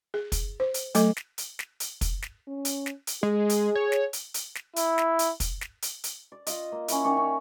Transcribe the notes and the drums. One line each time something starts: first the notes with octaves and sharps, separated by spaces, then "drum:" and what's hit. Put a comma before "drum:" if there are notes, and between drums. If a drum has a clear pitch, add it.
G#4
drum: kick, hi-hat
C5
drum: hi-hat
F#3 A3 A4 D#5 D6, drum: hi-hat
drum: snare
drum: hi-hat
drum: snare
drum: hi-hat
drum: kick, hi-hat
drum: snare
C#4
drum: hi-hat
drum: snare
drum: hi-hat
G#3 G#4
drum: hi-hat
C#5
drum: snare
drum: hi-hat
drum: hi-hat
drum: snare
E4, drum: hi-hat
drum: snare
drum: hi-hat
drum: kick, hi-hat
drum: snare
drum: hi-hat
drum: hi-hat
D5
F4 D#5, drum: hi-hat
A#3
C#4 E4, drum: hi-hat
D#3 C#4 D5 C#6
C#4